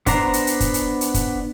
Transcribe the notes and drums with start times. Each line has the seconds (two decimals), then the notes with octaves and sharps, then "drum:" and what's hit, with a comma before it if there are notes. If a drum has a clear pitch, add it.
0.06 B3 D4 C5 A#5, drum: kick, hi-hat
0.33 drum: hi-hat
0.47 drum: hi-hat
0.60 drum: kick, hi-hat
0.74 drum: hi-hat
1.01 drum: hi-hat
1.14 drum: kick, hi-hat